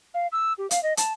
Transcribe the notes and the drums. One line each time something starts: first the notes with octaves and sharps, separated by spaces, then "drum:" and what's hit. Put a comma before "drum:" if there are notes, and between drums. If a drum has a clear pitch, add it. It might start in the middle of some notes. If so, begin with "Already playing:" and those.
F5
E6
G4
F5, drum: hi-hat
D#5
A5, drum: hi-hat